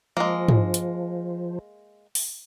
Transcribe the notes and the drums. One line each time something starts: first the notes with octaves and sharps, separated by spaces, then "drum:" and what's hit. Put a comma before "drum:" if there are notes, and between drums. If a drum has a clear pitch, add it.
F3 G#3 A#3
drum: tom
drum: hi-hat
drum: open hi-hat